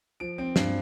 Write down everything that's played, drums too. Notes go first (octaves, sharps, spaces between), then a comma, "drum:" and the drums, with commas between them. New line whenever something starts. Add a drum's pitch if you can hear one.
F3 D7
C4 D7
G2 C7, drum: snare